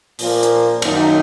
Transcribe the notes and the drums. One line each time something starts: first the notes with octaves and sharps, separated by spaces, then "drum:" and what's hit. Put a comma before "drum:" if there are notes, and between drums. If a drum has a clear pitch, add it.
A#2 F3 A#3, drum: open hi-hat
drum: hi-hat
F#2 D#3 A#3 D#4, drum: cymbal